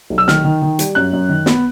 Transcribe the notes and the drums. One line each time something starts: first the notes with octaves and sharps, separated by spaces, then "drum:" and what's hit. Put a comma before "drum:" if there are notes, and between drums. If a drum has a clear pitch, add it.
B1
E6
D#3 F6, drum: snare
D#3
D#3
G3, drum: hi-hat
F#2 F#6
F#2
D#3
B3, drum: snare